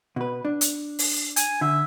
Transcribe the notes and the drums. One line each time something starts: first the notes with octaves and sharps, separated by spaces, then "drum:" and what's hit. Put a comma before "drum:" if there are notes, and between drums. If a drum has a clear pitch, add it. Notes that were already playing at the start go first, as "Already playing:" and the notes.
B2 B4
D4
drum: hi-hat
drum: open hi-hat
G#5, drum: hi-hat
D3 E5